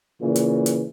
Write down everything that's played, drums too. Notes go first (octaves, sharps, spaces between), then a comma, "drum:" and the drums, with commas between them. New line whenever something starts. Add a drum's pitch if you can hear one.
A#2 C#3 E3
drum: hi-hat
drum: hi-hat